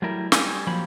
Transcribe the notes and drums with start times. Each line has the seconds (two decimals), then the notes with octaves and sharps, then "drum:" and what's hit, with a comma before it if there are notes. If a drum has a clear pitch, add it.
0.02 F#3 G3 A3 E4 A#4
0.32 G3 G#5, drum: snare
0.67 F3 F#3 A#3 C#4 G4 B5